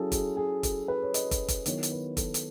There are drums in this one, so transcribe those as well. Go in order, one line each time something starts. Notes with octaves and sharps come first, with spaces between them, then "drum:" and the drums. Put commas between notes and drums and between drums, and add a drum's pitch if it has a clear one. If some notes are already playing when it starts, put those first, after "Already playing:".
Already playing: F#3 C#4 E4 G#4 A4
G#4, drum: kick, hi-hat
G#4
A4, drum: kick, hi-hat
B4
C#5
D#5, drum: hi-hat
drum: kick, hi-hat
drum: kick, hi-hat
D#3 F#3 B3 E4 C#5, drum: hi-hat
drum: hi-hat
B4
A4, drum: kick, hi-hat
drum: hi-hat